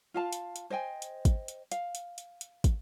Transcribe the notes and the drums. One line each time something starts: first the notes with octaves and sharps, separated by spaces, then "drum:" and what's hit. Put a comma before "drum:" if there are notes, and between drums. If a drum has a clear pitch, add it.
F4 F5 A5
drum: hi-hat
drum: hi-hat
C5 D#5 G5 G#5
drum: hi-hat
drum: kick, hi-hat
drum: hi-hat
F5, drum: hi-hat
drum: hi-hat
drum: hi-hat
drum: hi-hat
drum: kick, hi-hat